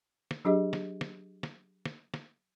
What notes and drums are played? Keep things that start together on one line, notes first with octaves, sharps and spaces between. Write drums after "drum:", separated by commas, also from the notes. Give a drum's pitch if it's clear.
drum: snare
F#3 D4 G4 G#4 D#5
drum: snare
drum: snare
drum: snare
drum: snare
drum: snare